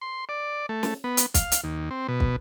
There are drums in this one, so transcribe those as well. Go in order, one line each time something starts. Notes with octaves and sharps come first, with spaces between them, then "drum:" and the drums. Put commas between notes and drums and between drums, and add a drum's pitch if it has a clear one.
C6
D5
A3
drum: snare
B3
drum: hi-hat
F5, drum: kick, hi-hat
drum: hi-hat
D#2
C4
B2
drum: kick